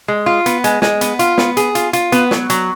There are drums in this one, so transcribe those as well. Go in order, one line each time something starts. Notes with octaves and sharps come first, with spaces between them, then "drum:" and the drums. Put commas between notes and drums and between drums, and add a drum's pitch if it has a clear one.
G#3
F4
B3, drum: hi-hat
G#3, drum: hi-hat
G#3, drum: snare
B3, drum: hi-hat
F4, drum: hi-hat
B3, drum: snare
G#4, drum: hi-hat
F4, drum: hi-hat
F4, drum: hi-hat
B3, drum: hi-hat
F#3, drum: snare
F#3, drum: hi-hat